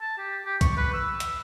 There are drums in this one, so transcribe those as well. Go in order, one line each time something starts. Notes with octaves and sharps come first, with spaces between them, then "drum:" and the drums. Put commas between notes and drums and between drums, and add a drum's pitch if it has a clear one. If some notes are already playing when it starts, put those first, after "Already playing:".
A5
G4
G4
C#6, drum: kick, hi-hat
B4
E6
drum: hi-hat